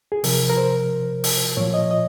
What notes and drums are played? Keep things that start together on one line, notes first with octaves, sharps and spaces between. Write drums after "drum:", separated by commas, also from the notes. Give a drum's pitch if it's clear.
G#4
C3 F3 A#4, drum: open hi-hat
A#4
C5
drum: open hi-hat
A#2 F3 C#5
D#5
D#5